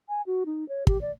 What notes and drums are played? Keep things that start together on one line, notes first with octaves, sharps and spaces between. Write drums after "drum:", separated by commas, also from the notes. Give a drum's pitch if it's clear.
G#5
F#4
D#4
C#5
G4, drum: kick
D5